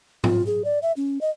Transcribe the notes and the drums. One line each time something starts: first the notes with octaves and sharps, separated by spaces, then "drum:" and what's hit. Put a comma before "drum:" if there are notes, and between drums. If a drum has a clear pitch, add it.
F4, drum: tom G#2
G#4
D5
E5
C#4
D#5